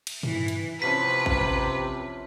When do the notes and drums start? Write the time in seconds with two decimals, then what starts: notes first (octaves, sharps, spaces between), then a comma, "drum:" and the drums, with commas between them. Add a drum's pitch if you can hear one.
0.07 drum: cymbal
0.23 E3, drum: tom
0.48 drum: hi-hat
0.82 C3 E3 F3 C#4 B4 B6
1.26 drum: kick A1